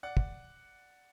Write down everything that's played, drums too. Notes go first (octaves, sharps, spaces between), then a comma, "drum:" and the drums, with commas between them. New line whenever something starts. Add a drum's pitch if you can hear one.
D5 F#5
drum: kick